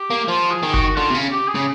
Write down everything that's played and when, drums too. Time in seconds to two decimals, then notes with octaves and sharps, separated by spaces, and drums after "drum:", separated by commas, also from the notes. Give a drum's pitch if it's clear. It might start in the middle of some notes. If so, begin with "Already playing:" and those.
Already playing: G4
0.10 A#3
0.28 F3 F4
0.51 G#4
0.63 D#3
0.74 F#4, drum: kick F#1
0.96 D3 F4
1.10 C3
1.14 C#3
1.32 G4
1.48 G#4
1.55 C#3